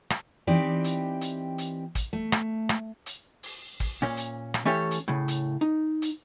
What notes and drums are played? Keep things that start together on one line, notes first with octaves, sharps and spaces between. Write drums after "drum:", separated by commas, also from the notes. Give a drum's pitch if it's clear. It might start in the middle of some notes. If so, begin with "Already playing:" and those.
drum: rim click
E3 C4 D#4 G4 D5
drum: hi-hat
drum: hi-hat
drum: hi-hat
drum: kick, hi-hat
A3
drum: rim click
drum: rim click
drum: hi-hat
drum: open hi-hat
drum: kick, open hi-hat
A#2 C#4
drum: hi-hat
drum: rim click
E3 A3 C#4 G4 A4 C#5
drum: hi-hat
A2 C#3
drum: hi-hat
D#4
drum: hi-hat